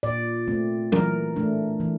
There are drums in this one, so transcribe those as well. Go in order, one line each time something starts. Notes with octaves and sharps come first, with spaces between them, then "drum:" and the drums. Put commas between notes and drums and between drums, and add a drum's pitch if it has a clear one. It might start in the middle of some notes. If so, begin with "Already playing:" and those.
A#2 D5
A3 C4
E3 A#4, drum: tom F#3
A3 D4
E3